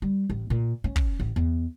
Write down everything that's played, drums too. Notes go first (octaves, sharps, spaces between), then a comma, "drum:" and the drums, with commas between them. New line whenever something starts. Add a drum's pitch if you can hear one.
G3
A1
A#2
C#4
drum: kick
A1
E2